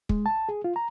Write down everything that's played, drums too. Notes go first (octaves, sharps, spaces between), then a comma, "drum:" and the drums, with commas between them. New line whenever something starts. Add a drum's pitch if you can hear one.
G#3, drum: kick
A5
G#4
F4
A#5